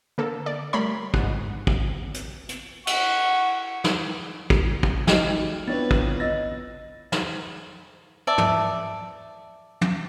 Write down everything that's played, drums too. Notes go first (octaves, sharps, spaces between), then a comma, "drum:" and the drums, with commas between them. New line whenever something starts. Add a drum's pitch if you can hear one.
D3 A#3 A4 A#4
D5
G3 A3 A#4 C#5 B5 C6
G#2 F#5, drum: kick
drum: kick
drum: hi-hat
drum: hi-hat
F#5 C#6, drum: cymbal
drum: snare
drum: kick
drum: kick
A3 D#4 F#4 G4 D#5 F6, drum: snare
B3 C4 D4 E4 F4 B4 C#5 A6
drum: kick
D#5 E6 A6 A#6
drum: snare
D5 E5 A5
drum: tom
drum: tom